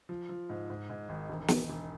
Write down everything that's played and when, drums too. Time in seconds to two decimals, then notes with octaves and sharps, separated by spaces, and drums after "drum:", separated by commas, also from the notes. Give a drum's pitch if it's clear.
0.09 F3
0.29 F3
0.49 G#2
0.70 G#2
0.90 G#2
1.09 G#1
1.30 E1
1.48 E1, drum: snare
1.69 E1